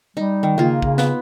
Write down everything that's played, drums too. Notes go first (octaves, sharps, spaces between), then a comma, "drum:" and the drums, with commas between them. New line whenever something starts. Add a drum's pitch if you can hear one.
G3 D#4
D#3
C#3 A#3 F4
C#3, drum: kick
B3, drum: snare